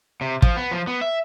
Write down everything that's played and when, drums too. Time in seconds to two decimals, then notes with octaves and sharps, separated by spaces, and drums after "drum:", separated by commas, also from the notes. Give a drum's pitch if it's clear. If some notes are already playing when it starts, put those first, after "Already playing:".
0.21 C3
0.42 F3, drum: kick
0.57 B3
0.71 F3
0.87 B3
1.01 E5